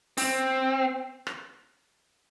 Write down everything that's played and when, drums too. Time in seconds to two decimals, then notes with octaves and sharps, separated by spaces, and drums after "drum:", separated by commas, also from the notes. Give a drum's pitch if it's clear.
0.18 C4, drum: open hi-hat
1.27 drum: rim click